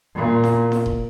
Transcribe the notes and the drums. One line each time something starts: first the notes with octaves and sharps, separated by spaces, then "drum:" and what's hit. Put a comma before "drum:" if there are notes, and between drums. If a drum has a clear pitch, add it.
A#2
drum: snare E4
drum: snare E4
drum: kick D#1